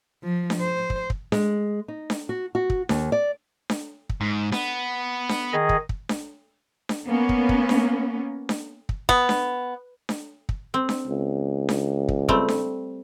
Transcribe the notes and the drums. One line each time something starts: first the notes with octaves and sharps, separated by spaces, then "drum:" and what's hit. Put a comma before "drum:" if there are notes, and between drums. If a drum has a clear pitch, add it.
F3
drum: snare D4
C5
drum: kick
drum: kick
G#3, drum: snare D4
D#4
drum: snare D4
F#4
F#4
drum: kick
D#2, drum: snare D4
D5
drum: snare D4
drum: kick
G#2
B3, drum: snare D4
drum: snare D4
D#3 G#4 D#5
drum: kick
drum: kick
drum: snare D4
drum: snare D4
A#3 B3 C#4
drum: kick
drum: kick
drum: snare D4
drum: snare D4
drum: kick
B3, drum: kick
drum: snare D4
drum: snare D4
drum: kick
C4
drum: snare D4
C#2
drum: snare D4
drum: kick
G3 A3 C4, drum: kick
drum: snare D4